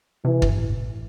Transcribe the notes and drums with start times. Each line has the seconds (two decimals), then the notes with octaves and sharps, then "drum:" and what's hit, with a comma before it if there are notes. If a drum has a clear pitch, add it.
0.25 C3 E3
0.42 G2, drum: kick
0.58 A2